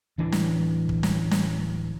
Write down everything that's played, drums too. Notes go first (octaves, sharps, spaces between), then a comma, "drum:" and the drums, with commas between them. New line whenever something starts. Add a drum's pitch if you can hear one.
D1 E3 D4
drum: snare
drum: kick
drum: snare
drum: snare